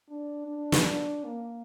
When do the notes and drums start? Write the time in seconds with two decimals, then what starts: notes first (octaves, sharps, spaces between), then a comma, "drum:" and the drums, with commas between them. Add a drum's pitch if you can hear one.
0.09 D4
0.47 D4
0.72 drum: snare
1.24 A#3